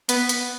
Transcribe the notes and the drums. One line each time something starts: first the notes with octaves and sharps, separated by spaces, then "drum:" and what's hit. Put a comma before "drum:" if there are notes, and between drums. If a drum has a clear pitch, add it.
B3, drum: hi-hat
drum: hi-hat